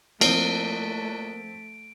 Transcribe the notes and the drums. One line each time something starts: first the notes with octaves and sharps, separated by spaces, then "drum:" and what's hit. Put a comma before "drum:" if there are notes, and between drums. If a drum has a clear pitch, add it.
F3 A3 A#3 C4 C7 D7, drum: cymbal